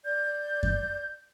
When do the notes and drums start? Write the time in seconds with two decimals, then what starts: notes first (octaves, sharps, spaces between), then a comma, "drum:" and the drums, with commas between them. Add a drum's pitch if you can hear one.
0.04 D5 G6
0.63 drum: kick F#2